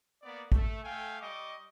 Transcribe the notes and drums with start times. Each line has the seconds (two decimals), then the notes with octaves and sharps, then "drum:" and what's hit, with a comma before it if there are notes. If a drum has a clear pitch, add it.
0.23 A#3 B3 D5
0.52 A3, drum: kick
0.84 A3 F5 G5 G#5
1.20 G3 D#5 C#6 D6